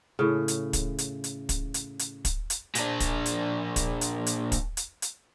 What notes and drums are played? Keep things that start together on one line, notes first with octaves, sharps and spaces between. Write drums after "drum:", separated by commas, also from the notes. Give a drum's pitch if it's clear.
A2 C#3
drum: hi-hat
drum: kick, hi-hat
drum: hi-hat
drum: hi-hat
drum: kick, hi-hat
drum: hi-hat
drum: hi-hat
drum: kick, hi-hat
drum: hi-hat
A#2 D4, drum: hi-hat
drum: kick, hi-hat
drum: hi-hat
drum: kick, hi-hat
drum: hi-hat
drum: hi-hat
drum: kick, hi-hat
drum: hi-hat
drum: hi-hat